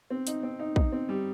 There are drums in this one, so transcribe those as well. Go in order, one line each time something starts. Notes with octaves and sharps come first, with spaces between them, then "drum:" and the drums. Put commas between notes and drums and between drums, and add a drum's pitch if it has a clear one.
C4
D#4, drum: hi-hat
C4
D#4
D#4, drum: kick
C4
G3